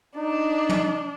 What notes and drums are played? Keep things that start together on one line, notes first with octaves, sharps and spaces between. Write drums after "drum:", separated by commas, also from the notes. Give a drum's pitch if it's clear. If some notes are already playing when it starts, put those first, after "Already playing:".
D4 D#4
drum: tom